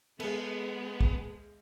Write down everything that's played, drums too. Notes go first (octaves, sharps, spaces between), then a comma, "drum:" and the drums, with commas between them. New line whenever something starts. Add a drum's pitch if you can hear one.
G#3 B3 G#4 A4, drum: cymbal
drum: kick